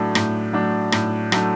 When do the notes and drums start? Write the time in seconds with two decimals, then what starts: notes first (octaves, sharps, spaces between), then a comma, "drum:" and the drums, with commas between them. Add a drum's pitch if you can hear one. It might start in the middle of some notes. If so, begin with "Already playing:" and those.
Already playing: A2 F#3 A3 D4
0.15 A2, drum: rim click
0.53 F#3 A3 D4
0.92 A2, drum: rim click
1.32 F#3 A3 D4, drum: rim click